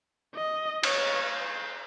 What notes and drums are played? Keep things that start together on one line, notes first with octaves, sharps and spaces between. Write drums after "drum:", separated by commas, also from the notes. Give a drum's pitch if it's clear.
D#5
C#5, drum: cymbal
C5